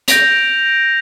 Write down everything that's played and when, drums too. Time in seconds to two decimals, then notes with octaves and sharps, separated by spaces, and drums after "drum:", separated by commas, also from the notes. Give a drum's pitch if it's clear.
0.08 G6 A#6 D7 F7, drum: hi-hat